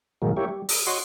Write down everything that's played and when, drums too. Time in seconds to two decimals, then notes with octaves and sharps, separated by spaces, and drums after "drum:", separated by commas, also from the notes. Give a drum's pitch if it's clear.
0.22 G2 A#2 D#3 F#3 G#3 A#3
0.37 G3 A#3 E4 G4 C#5
0.48 G3
0.69 D#6, drum: open hi-hat
0.87 F#4 C#5 D#5 C6